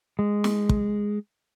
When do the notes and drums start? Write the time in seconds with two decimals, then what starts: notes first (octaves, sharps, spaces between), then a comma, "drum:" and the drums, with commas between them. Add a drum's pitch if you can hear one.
0.19 G#3
0.44 drum: snare
0.69 drum: kick